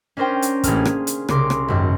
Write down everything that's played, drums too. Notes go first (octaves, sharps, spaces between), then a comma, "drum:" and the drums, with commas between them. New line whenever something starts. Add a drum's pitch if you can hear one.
C#4 D4 A#4 C5 G5
drum: hi-hat
A1 A#3 G#4 A4 C6 F6, drum: kick, hi-hat
G#4
drum: rim click
drum: hi-hat
C2 C#3 A#4 C6 D6, drum: rim click
drum: rim click
G#1 F#2